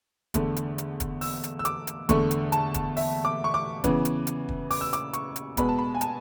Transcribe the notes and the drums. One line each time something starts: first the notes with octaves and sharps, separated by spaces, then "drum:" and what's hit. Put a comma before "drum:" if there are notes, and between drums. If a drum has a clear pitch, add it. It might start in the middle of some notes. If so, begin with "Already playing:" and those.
E2 D3 A3, drum: kick, hi-hat
drum: hi-hat
drum: hi-hat
drum: kick, hi-hat
E6, drum: open hi-hat
drum: hi-hat
E6
D6, drum: hi-hat
drum: hi-hat
E2 D3 A3 C#6, drum: kick, hi-hat
drum: hi-hat
A5, drum: hi-hat
drum: kick, hi-hat
E5, drum: open hi-hat
D6
C#6
D6
C#3 E3 B3, drum: kick, hi-hat
drum: hi-hat
drum: hi-hat
drum: kick
D6, drum: open hi-hat
E6
D6, drum: hi-hat
C#6, drum: hi-hat
drum: hi-hat
B2 G#3 B3 B5, drum: kick, hi-hat
A5
B5
G#5
A5, drum: hi-hat